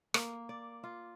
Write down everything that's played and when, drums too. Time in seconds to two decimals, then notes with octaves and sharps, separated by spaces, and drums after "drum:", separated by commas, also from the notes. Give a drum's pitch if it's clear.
0.14 A#3, drum: rim click
0.49 D5
0.84 F4